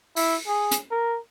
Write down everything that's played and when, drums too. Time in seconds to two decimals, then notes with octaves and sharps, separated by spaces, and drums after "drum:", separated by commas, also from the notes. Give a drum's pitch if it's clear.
0.16 E4, drum: open hi-hat
0.47 G#4
0.72 drum: hi-hat
0.91 A#4